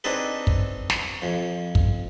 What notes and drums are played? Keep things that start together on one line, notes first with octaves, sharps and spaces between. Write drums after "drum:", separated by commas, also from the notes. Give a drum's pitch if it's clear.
C4 D4 D#4 G#4 A4 B4
drum: kick
drum: snare
F2
drum: kick